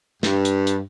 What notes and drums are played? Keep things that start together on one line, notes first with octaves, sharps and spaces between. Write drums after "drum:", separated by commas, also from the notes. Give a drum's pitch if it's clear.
G2, drum: snare
drum: hi-hat
drum: hi-hat